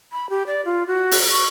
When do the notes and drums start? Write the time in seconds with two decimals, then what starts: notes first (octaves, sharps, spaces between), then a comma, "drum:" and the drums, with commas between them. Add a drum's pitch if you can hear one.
0.12 B5
0.30 G4
0.47 D5
0.65 F4
0.87 F#4
1.11 drum: open hi-hat
1.31 C#6